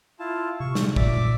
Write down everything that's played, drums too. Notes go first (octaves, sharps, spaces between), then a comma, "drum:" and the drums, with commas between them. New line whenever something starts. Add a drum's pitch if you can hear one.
E4 F4 A5
C3 C#6
drum: snare
A#2 D5 E5 D6, drum: kick